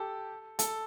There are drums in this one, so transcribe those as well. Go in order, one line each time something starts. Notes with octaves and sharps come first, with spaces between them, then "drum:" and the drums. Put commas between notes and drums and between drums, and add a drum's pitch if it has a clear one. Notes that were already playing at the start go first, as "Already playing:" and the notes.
Already playing: G4 A4
A4, drum: hi-hat